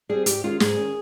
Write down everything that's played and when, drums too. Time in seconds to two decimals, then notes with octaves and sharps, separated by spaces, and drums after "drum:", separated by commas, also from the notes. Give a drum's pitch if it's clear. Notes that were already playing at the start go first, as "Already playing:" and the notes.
0.09 G3 C4 G#4
0.26 G#2 G4, drum: hi-hat
0.44 D#3 G#3 C#4 F4
0.60 G#2 G#4, drum: snare
0.77 D#3 G#3 C#4